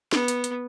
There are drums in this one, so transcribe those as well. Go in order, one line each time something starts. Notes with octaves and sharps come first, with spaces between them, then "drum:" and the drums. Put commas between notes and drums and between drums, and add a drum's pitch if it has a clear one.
B3, drum: snare
drum: hi-hat
drum: hi-hat